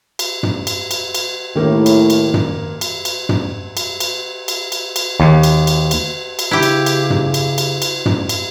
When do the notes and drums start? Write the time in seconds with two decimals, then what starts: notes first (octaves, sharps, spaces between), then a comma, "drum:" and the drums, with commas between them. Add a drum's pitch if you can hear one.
0.19 drum: cymbal
0.43 drum: tom
0.67 drum: cymbal
0.91 drum: cymbal
1.15 drum: cymbal
1.56 D#2 A2 D#3 A#3
1.86 drum: cymbal
2.10 drum: cymbal
2.34 drum: tom
2.81 drum: cymbal
3.05 drum: cymbal
3.29 drum: tom
3.77 drum: cymbal
4.00 drum: cymbal
4.48 drum: cymbal
4.72 drum: cymbal
4.96 drum: cymbal
5.20 D#2
5.43 drum: cymbal
5.67 drum: cymbal
5.91 drum: cymbal
6.39 drum: cymbal
6.51 C#3 E4 G4
6.63 drum: cymbal
6.86 drum: cymbal
7.10 drum: tom
7.34 drum: cymbal
7.58 drum: cymbal
7.82 drum: cymbal
8.06 drum: tom
8.29 drum: cymbal